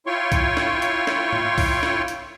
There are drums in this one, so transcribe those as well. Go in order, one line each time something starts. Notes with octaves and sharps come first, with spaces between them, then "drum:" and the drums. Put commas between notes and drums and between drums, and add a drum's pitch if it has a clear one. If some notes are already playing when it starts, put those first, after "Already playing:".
E4 F4 C#5 G5 C6 C#6
drum: kick B1, hi-hat
drum: snare
drum: hi-hat
drum: snare
drum: tom G#2
drum: kick B1, open hi-hat
drum: snare
drum: hi-hat